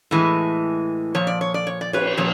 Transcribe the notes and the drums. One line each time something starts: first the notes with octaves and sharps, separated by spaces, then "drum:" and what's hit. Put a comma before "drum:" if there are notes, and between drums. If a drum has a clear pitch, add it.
A2 E3 G#3
A#2 F3 C#5
D5
C#5
D5
C#5
D5
B4 C#5, drum: cymbal
A#2 F3 C#5